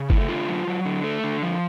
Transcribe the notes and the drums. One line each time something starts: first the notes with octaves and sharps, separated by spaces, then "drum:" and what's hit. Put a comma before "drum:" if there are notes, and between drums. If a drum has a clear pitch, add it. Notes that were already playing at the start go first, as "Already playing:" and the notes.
Already playing: C#3
A3 E4, drum: kick G1
D3 F4
F#3
F#3
D3
A3
D3
F3